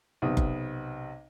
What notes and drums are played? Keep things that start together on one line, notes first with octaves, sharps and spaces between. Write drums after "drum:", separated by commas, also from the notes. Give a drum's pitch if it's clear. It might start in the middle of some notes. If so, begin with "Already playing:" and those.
B1 C3 B3 D#6
drum: kick F#1